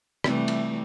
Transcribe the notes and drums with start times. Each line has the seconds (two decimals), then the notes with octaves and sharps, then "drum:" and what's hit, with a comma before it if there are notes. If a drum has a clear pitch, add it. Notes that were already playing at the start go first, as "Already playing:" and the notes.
0.24 C3 E3 G3 A3, drum: rim click
0.48 drum: cymbal